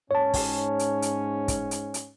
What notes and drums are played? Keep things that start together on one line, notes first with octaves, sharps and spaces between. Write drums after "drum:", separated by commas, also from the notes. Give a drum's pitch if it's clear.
G#2 C#4 C#5 A5
drum: kick, open hi-hat
drum: hi-hat
drum: hi-hat
drum: kick, hi-hat
drum: hi-hat
drum: hi-hat